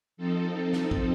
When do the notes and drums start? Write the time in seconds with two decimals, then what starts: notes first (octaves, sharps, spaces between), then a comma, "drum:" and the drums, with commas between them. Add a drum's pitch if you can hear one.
0.17 F3 C4 D#4 A4
0.73 drum: snare
0.91 drum: kick